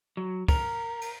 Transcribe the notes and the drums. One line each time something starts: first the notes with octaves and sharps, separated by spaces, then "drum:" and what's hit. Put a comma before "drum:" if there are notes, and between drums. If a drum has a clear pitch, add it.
F#3
A#4, drum: kick, cymbal
drum: cymbal